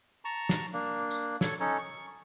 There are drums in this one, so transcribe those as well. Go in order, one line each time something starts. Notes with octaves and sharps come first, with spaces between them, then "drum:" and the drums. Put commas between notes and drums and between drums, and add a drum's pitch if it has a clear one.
A5 A#5 C#6
drum: snare
A#3 D4
drum: tambourine
A4 C#5 C#6, drum: snare
C#4 D#4 A4 C#5
C#6